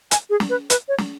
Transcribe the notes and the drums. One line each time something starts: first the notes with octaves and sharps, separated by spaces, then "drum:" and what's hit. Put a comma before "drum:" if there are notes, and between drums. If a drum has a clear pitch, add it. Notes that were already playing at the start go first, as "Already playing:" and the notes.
G#5, drum: hi-hat
G#4
drum: snare
B4
B4, drum: hi-hat
C#5
drum: snare